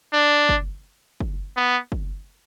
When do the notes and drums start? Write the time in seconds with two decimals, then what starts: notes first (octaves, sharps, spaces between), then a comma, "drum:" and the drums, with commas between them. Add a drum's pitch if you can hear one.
0.13 D4
0.49 drum: kick F#1
1.20 drum: kick F#1
1.57 B3
1.92 drum: kick F#1